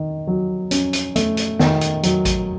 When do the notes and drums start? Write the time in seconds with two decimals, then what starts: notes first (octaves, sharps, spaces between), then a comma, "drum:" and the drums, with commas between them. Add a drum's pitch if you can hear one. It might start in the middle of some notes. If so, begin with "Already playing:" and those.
Already playing: D#3
0.27 F#3
0.71 C#4, drum: hi-hat
0.93 drum: hi-hat
1.16 A3, drum: hi-hat
1.37 drum: hi-hat
1.59 D#3, drum: snare
1.81 drum: hi-hat
2.03 F#3, drum: hi-hat
2.25 drum: kick A1, hi-hat